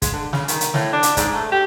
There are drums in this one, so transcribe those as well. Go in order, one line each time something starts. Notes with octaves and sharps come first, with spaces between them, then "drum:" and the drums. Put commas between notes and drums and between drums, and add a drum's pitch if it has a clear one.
G#3, drum: kick, hi-hat
D3
C#3, drum: snare
D#3, drum: hi-hat
drum: hi-hat
A2, drum: snare
D4
drum: hi-hat
G#2, drum: kick, hi-hat
A3
G4